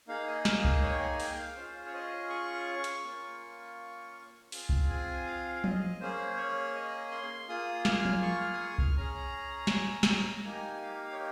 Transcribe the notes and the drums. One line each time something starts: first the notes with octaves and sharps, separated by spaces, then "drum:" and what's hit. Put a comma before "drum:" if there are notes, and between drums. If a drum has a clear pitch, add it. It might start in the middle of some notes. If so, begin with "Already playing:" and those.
A#3 D#4 G#4 F5
D#5
F5, drum: snare
D#5, drum: kick C2
C#5
G5
G#5
G5, drum: open hi-hat
F5
C#4 F4 G#4 C5
C#5
D#5
C#6
drum: hi-hat
A#3 C#4 F4
C4 F4 G#4, drum: open hi-hat
drum: kick C2
G#5
F5
F5
D#5, drum: tom F3
A#3 C#4 G#4 C5
C#5
D#5
C6
A#3 F4 G#4 D#6
F6, drum: snare
drum: tom F3
C#6
F6
D#6
C#6
D#6
F6, drum: kick C2
C#4 G#4 A#5
drum: snare
drum: snare
A#5
A#3 D#4 G4 G#5
F5
C#5